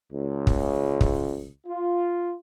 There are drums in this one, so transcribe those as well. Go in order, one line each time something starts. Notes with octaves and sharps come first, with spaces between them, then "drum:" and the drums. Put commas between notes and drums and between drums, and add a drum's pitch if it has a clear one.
C#2
drum: kick
drum: kick
F4